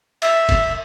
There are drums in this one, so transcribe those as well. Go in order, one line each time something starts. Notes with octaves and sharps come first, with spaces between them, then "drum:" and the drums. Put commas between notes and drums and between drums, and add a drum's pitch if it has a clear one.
E5, drum: cymbal
drum: kick, cymbal